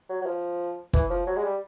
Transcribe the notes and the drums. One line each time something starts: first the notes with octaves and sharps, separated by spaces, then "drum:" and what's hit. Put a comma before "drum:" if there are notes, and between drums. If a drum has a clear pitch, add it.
F#3
F#3
F3
E3, drum: kick
F3
F#3
G#3
G3